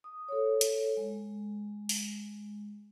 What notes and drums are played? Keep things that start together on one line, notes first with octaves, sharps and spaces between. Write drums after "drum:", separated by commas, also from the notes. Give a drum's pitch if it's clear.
D#6
A4 C#5
drum: hi-hat
G#3
drum: open hi-hat